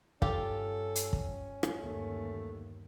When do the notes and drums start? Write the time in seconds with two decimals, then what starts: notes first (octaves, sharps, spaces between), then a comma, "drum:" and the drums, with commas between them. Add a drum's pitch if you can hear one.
0.22 G2 C#4 F4 G4 A4, drum: kick
0.95 drum: hi-hat
1.13 drum: kick
1.63 drum: rim click
1.78 G1 D#2 A3